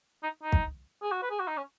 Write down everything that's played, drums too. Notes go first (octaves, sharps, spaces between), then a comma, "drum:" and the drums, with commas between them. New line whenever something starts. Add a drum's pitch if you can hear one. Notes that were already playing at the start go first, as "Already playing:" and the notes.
D#4
D#4
drum: kick
G#4
F#4
B4
G#4
F#4
D#4
C#4